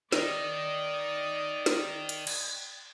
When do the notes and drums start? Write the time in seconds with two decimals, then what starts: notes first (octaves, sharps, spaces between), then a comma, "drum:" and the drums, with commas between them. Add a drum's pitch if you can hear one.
0.12 D#3 D5 D#5, drum: snare
1.66 drum: snare
2.09 drum: hi-hat
2.27 drum: cymbal